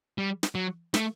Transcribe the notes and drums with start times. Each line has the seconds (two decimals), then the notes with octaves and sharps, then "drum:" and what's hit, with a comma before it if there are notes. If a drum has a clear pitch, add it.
0.18 G3
0.43 drum: snare
0.55 F#3
0.94 A3, drum: snare